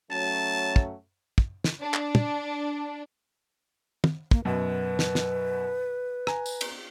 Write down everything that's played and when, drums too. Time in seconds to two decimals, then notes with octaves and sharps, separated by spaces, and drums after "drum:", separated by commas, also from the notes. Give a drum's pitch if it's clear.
0.11 F#3 A3 C#4 A5
0.76 drum: kick
1.38 drum: kick
1.64 drum: snare
1.83 D4
1.94 drum: clap
2.15 drum: tom
4.04 drum: tom
4.31 A#3, drum: kick
4.45 F#2 B2 B4
4.99 drum: snare
5.15 drum: snare
6.27 G#5 A#5, drum: rim click
6.46 drum: tambourine
6.61 drum: cymbal